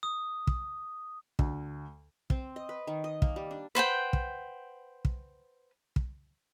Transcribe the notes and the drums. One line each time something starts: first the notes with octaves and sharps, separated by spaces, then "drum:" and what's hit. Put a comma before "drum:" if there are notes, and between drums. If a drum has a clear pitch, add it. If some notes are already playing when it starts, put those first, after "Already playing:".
D#6
drum: kick
D2, drum: kick
C4, drum: kick
D#5
B4
D#3
D#5
A#3, drum: kick
G3
D4
B4 C5 F#5 G5
drum: kick
drum: kick
drum: kick